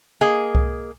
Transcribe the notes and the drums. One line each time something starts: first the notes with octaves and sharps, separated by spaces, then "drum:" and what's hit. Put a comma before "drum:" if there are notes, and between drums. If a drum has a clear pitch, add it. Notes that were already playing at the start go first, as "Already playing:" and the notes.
A#3 G#4 D#5
drum: kick C2